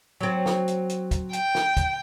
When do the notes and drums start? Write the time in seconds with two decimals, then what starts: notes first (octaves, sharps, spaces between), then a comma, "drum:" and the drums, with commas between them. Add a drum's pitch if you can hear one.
0.21 F#3 C4
0.46 drum: snare
0.68 drum: hi-hat
0.89 drum: hi-hat
1.11 drum: kick, hi-hat
1.33 G5, drum: hi-hat
1.55 drum: snare
1.77 drum: kick, hi-hat